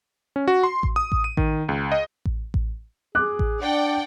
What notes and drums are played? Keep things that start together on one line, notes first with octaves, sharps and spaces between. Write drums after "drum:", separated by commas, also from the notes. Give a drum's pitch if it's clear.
C#4
F#4
C6
drum: kick A1
D#6
drum: kick A1
D#7
D#3, drum: kick A1
C#2
D#5
drum: kick A1
drum: kick A1
G#4 D6 F#6
drum: kick A1
D4 D5 F#5 G5